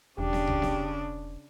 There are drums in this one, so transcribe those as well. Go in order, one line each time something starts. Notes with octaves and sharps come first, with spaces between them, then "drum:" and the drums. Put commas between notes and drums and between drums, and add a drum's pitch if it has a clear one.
E1 C#3 D4 G4
drum: snare B3
drum: tom C2
drum: snare B3